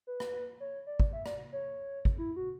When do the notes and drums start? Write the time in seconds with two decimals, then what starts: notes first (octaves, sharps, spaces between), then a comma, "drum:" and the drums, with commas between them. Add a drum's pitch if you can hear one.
0.07 B4
0.20 drum: rim click
0.60 C#5
0.87 D5
1.00 drum: kick
1.13 E5
1.26 D5, drum: rim click
1.53 C#5
2.05 drum: kick
2.18 E4
2.36 F#4